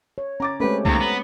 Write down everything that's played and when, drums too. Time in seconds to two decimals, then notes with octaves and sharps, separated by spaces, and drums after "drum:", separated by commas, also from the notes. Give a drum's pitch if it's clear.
0.18 C#5
0.40 C#4 A#5 D6 A6
0.60 G#3 A3 C4 C#4 G4 B4
0.85 D#2 A#5, drum: kick C2
1.00 B3